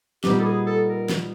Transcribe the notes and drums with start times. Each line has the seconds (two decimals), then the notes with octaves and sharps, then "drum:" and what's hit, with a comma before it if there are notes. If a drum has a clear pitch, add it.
0.24 A#2 G3 B3 D#4 G4, drum: snare
0.39 A4
0.45 G#4
0.67 A4
0.89 A#4
1.10 drum: snare